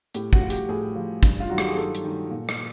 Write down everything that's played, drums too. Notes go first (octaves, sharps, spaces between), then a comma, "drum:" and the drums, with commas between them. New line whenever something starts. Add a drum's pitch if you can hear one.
A2 G4, drum: hi-hat
F#4, drum: kick
F3
G4, drum: hi-hat
A2 G#4
F3
G2, drum: kick, hi-hat
F4
D#3 F#3 F#4
G4, drum: rim click
G#4
G2 A4
drum: hi-hat
D#3 F#3
A#2
drum: rim click